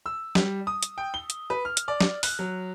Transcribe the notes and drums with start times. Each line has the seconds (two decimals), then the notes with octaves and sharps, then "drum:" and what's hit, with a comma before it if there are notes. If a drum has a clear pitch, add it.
0.06 E6
0.35 G3, drum: snare
0.67 D#6
0.83 drum: hi-hat
0.98 G5
1.14 G7
1.30 drum: hi-hat
1.50 B4
1.65 F6
1.77 drum: hi-hat
1.88 D5
2.01 drum: snare
2.23 F#6, drum: open hi-hat
2.39 F#3